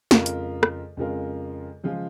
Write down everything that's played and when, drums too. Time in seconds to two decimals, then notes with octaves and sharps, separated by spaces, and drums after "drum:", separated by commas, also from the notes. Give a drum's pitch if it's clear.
0.11 F2 C#3 G#3 F4 A#4, drum: snare
0.26 drum: hi-hat
0.63 drum: rim click
0.97 F2 C#3 G#3 F4 A#4
1.83 C#3 F3 G#3 F4